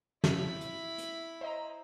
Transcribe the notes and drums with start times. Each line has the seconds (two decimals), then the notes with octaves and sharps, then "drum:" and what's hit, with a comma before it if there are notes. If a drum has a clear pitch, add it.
0.24 F3 E4 B5, drum: snare
0.61 drum: hi-hat
0.98 drum: hi-hat
1.41 C5 D#5 A#5